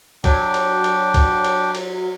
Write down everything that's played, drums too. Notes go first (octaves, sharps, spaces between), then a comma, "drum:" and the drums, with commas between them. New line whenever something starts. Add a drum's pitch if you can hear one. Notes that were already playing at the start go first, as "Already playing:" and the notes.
F#3 D4 G5 D6, drum: kick, cymbal
drum: cymbal
drum: cymbal
drum: kick, cymbal
drum: cymbal
drum: cymbal